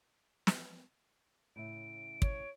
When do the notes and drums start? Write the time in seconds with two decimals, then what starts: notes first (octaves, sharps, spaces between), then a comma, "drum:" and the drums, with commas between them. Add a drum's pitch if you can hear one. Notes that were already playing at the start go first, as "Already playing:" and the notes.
0.47 drum: snare
1.56 A2 C#3 E5 D7
2.22 C#5, drum: kick